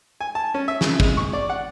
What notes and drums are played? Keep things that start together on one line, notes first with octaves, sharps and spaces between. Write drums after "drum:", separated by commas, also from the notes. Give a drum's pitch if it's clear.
G#5
A5
C#4
E5
C#3, drum: snare
G#3, drum: kick
C#6
D5
F#5